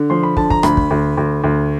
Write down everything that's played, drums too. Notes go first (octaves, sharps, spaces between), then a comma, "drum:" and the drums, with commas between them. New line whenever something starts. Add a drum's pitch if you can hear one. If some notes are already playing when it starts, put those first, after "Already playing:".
Already playing: D3
F3 C6
B5
D3 A5, drum: kick
A#5, drum: kick
D2 B5, drum: rim click
drum: kick
D2
D2
D2